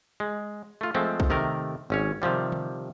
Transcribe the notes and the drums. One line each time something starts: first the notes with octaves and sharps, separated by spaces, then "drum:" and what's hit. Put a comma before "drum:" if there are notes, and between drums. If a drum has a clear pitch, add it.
G#3
A3 F4
F3 G#3 A3 C4
drum: kick A#1
C3 D#3 A3 A#4
G#1 C#4 C#5
C3 D#3 F3 G3
drum: tom D3